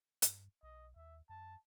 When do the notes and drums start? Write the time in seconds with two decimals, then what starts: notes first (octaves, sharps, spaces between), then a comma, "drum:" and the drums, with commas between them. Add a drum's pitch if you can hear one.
0.22 G2, drum: hi-hat
0.63 B1 D#5
0.96 D#2 E5
1.29 F#2 A5